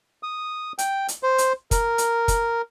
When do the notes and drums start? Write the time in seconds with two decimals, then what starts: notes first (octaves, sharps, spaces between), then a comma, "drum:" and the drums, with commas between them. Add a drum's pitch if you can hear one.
0.23 D#6
0.79 G5, drum: hi-hat
1.08 drum: hi-hat
1.23 C5
1.38 drum: hi-hat
1.71 A#4, drum: kick, hi-hat
1.98 drum: hi-hat
2.28 drum: kick, hi-hat